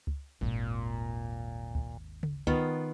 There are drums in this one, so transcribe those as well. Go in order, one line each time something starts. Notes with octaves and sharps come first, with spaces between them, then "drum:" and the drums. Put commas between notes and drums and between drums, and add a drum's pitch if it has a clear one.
drum: kick C#2
G#1 D#2 A#2
drum: kick C#2
drum: tom C#3
D#3 B3 F4, drum: kick C#2